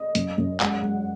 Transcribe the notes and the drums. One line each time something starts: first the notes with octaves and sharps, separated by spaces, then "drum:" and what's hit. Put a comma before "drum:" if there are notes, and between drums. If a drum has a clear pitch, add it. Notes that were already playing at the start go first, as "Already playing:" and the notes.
Already playing: D#5
F#2, drum: hi-hat
F#2
G#3 F#5, drum: clap
G#3